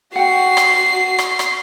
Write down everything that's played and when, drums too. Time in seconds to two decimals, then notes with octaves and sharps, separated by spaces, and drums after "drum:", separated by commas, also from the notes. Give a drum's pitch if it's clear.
0.16 F#4 F#5 G5 C7
0.57 drum: rim click
1.19 drum: rim click
1.39 drum: rim click